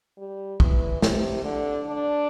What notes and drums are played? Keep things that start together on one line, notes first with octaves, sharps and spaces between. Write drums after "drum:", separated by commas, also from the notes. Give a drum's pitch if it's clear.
G3
E3, drum: kick
C3, drum: snare
D3
D4